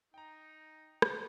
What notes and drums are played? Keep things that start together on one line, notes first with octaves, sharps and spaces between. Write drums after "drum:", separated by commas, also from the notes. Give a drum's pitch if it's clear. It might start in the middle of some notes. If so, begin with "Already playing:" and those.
D#4 G5 A#5
drum: rim click